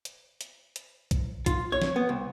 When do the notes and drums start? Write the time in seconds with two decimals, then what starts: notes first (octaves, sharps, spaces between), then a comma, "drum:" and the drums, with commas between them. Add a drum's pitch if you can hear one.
0.05 drum: hi-hat
0.41 drum: hi-hat
0.76 drum: hi-hat
1.11 drum: kick B1, hi-hat
1.46 F4, drum: kick B1, hi-hat
1.72 C#5
1.82 drum: snare
1.96 B3
2.09 C2